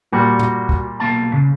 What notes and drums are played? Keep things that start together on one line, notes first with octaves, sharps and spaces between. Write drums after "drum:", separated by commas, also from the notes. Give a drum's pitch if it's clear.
A#2 G3 F#4
drum: tom
drum: kick
B1 A#3 A5
C#3